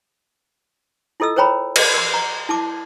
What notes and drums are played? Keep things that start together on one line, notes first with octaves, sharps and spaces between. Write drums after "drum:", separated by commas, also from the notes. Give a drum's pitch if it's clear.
E4 F4 A4 D#5 E6
A#4 C5 C#5 G5 A#5 B5
D#5, drum: cymbal
A#4 C6
A#5
E4 A5 D6